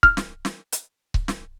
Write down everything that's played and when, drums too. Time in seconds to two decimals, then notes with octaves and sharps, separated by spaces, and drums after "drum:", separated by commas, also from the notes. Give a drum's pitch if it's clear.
0.03 F6, drum: kick C#1
0.17 drum: snare
0.45 drum: snare
0.73 drum: hi-hat
1.14 drum: kick C#1
1.28 drum: snare